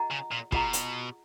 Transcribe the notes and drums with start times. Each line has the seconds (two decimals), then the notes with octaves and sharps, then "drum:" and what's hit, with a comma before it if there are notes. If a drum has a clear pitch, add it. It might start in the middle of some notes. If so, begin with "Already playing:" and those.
Already playing: F4 G#4 D#5 F#5 A#5
0.11 C#3
0.32 A#2
0.52 B2 F4 G#4 D#5 F#5 A#5, drum: kick
0.73 drum: hi-hat